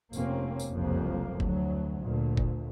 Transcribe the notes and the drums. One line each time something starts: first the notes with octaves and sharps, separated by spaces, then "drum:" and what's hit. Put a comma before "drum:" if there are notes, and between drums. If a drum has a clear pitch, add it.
F1 A#3 C4 C#4, drum: tambourine
drum: tambourine
F#1 C2 F2 C3 A#3
D2 F#3, drum: kick F#1
D2 A#2
drum: kick F#1